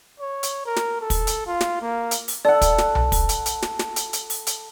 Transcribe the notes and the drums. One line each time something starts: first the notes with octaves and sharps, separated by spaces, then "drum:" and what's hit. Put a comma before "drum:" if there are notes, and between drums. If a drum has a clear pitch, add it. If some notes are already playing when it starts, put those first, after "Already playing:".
C#5
drum: hi-hat
A#4
drum: snare
A4
drum: kick, open hi-hat
drum: hi-hat
F4
drum: snare
A#3
drum: hi-hat
drum: open hi-hat
A4 D5 F#5
drum: kick, hi-hat
drum: snare
drum: tom B1
drum: kick, open hi-hat
drum: hi-hat
drum: hi-hat
drum: snare
drum: snare
drum: hi-hat
drum: hi-hat
drum: open hi-hat
drum: hi-hat